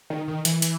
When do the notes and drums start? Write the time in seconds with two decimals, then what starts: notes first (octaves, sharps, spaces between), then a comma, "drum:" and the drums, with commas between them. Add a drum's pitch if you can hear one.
0.10 D#3
0.28 D#3
0.45 E3, drum: hi-hat
0.62 drum: hi-hat